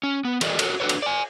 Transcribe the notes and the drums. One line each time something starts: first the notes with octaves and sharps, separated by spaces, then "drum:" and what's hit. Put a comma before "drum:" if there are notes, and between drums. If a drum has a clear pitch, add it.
C#4
B3
E3 F#4 G#4 A#4 D5 D#5, drum: cymbal
F#4 A4 A#4 C#5, drum: cymbal
D4 F#4 G#4 A4 B4 C#5
drum: cymbal
D5 G#5